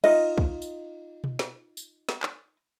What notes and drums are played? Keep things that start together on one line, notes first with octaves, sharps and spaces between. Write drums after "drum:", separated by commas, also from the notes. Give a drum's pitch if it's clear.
D#4 F4 D#5, drum: cymbal
drum: kick
drum: tambourine
drum: tom B2
drum: snare
drum: tambourine
drum: snare
drum: clap